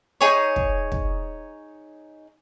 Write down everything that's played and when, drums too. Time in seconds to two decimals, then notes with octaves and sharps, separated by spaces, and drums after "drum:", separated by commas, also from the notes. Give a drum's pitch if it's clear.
0.21 D#4 G#4 C#5
0.56 drum: kick
0.92 drum: kick